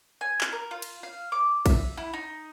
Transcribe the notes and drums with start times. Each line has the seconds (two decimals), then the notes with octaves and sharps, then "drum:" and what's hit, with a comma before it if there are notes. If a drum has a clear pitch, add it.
0.21 G#5
0.41 drum: clap
0.52 A#4
0.71 F4
0.82 drum: cymbal
1.03 F5
1.32 D6
1.66 E5, drum: kick A#1, cymbal
1.97 E4
2.14 D#4